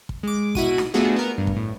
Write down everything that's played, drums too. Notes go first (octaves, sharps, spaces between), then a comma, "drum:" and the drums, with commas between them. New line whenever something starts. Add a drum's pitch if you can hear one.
drum: kick
G#3 D6
B2 E4 F#4 D#7, drum: kick
drum: snare D#4
A3 B3 D4 F4 F#4 G#4
B3 A#4
G2
drum: kick
A2